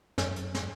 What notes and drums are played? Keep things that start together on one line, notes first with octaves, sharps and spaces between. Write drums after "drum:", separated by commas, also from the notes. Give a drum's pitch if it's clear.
F#2, drum: snare
drum: hi-hat
drum: snare